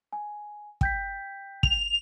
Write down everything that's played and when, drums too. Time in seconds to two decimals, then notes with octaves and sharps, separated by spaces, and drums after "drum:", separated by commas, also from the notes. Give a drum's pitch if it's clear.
0.13 G#5
0.81 G5 G6 B6, drum: kick
1.63 F7, drum: kick